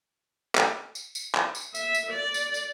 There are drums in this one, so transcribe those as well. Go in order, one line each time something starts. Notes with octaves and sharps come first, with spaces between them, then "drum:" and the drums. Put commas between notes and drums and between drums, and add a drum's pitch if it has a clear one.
drum: clap
drum: tambourine
drum: tambourine
drum: clap
drum: tambourine
E5, drum: tambourine
drum: tambourine
D5
drum: tambourine
drum: tambourine